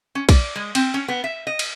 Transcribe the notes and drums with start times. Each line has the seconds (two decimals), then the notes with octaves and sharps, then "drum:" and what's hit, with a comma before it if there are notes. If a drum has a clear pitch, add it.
0.15 C#4
0.29 D5, drum: kick B1, cymbal
0.56 G#3
0.75 C4, drum: cymbal
0.94 C#4
1.08 B3
1.24 E5
1.47 D#5
1.59 drum: cymbal